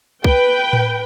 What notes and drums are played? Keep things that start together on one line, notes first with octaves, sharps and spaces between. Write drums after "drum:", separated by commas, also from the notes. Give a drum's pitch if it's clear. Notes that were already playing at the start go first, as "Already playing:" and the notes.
B4 G5, drum: kick
drum: tom A2